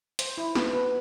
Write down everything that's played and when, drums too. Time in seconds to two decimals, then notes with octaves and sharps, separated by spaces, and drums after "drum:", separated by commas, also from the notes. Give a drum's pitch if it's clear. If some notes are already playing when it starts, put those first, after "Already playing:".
0.19 C5, drum: hi-hat
0.38 E4
0.55 B3, drum: snare
0.73 B3